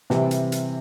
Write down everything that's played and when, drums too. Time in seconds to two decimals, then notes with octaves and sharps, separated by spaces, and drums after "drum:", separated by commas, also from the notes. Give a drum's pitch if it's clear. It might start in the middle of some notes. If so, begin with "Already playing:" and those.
0.10 C3 E3 G3, drum: snare
0.31 drum: hi-hat
0.52 drum: hi-hat